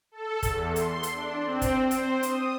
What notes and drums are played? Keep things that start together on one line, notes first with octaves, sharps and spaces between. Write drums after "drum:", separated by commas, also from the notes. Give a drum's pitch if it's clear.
A4
E2, drum: kick, hi-hat
C6, drum: hi-hat
drum: hi-hat
D4
C4
drum: kick, hi-hat
C5, drum: hi-hat
D#6, drum: hi-hat